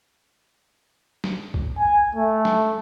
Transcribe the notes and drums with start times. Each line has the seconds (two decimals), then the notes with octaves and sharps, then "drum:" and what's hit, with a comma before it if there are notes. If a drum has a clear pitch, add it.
1.24 drum: snare
1.54 drum: kick
1.79 G#5
2.15 A3
2.45 drum: snare